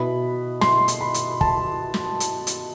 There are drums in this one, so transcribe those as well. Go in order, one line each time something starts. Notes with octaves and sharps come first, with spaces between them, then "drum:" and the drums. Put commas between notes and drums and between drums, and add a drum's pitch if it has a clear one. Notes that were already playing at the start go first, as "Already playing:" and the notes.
Already playing: B2 B3 E4 B5
C6, drum: snare
drum: hi-hat
B5
drum: hi-hat
A5, drum: kick
drum: snare
drum: hi-hat
drum: hi-hat